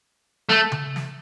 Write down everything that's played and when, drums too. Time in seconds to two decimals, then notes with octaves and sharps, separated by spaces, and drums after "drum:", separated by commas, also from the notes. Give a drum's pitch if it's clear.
0.49 A3, drum: snare
0.72 drum: tom C#3
0.96 drum: snare